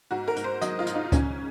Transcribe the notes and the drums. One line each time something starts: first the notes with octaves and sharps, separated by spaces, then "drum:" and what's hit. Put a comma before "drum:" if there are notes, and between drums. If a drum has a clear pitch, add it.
G#2 F#4
A#4
G#2, drum: hi-hat
C5
F#3 D#5, drum: hi-hat
F4
G#2, drum: hi-hat
D#4
C#3 C#4, drum: kick C#2, hi-hat